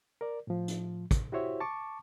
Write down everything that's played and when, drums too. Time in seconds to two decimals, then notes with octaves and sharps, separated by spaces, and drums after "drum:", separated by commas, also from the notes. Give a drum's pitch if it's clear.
0.21 A#4 D5
0.47 A2 F3
0.68 drum: hi-hat
1.11 drum: kick, hi-hat
1.32 E4 F#4 G4 C5 C#5 E5
1.60 A5 C#6 D6